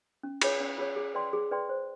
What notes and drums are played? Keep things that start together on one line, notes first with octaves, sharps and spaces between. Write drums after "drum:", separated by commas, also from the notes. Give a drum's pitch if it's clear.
C#4
F4 G#4 C#5, drum: cymbal
C#4
F4 G#4 C#5
G#4
B4 D5 G5 C6
G#4
B4 D5 G5 C6
C5